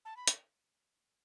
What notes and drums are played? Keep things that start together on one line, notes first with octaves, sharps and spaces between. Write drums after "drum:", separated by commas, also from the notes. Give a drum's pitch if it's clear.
A5
B5
drum: hi-hat